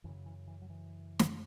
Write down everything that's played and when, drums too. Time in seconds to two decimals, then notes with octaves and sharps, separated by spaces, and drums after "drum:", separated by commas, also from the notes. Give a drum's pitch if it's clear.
0.04 F#2 C#3 E3
0.26 E3
0.48 E3
0.62 F#3
0.70 E3
1.19 drum: snare